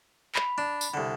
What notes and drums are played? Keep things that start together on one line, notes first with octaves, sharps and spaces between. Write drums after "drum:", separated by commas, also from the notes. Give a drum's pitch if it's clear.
B5, drum: clap
D4
drum: tambourine
C2 D3